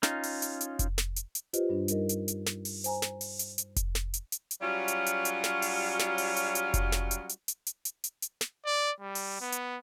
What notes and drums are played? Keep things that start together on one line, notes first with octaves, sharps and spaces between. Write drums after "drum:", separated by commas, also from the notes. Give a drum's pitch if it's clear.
C#4 D#4 F4, drum: snare
drum: open hi-hat
drum: hi-hat
drum: hi-hat
drum: kick F1, hi-hat
drum: snare
drum: hi-hat
drum: hi-hat
F4 G4 B4 C5 D#5, drum: hi-hat
G2 G3 D4
G3 D#4 A#4 D#5, drum: hi-hat
drum: hi-hat
drum: hi-hat
drum: snare
drum: open hi-hat
C5 G#5 A#5, drum: hi-hat
drum: snare
drum: open hi-hat
drum: hi-hat
drum: hi-hat
drum: kick F1, hi-hat
drum: snare
drum: hi-hat
drum: hi-hat
drum: hi-hat
F#3 G3 C#4 F4 F#4
drum: hi-hat
drum: hi-hat
drum: hi-hat
drum: snare
drum: open hi-hat
drum: snare
drum: open hi-hat
drum: hi-hat
drum: hi-hat
drum: kick F1, hi-hat
drum: snare
drum: hi-hat
drum: hi-hat
drum: hi-hat
drum: hi-hat
drum: hi-hat
drum: hi-hat
drum: hi-hat
drum: snare
D5
G3
drum: open hi-hat
B3
drum: hi-hat